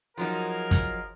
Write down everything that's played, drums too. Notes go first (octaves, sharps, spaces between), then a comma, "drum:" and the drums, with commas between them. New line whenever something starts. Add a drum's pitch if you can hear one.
F3 F#3 D#4 F4 G#4 A#4
drum: kick, hi-hat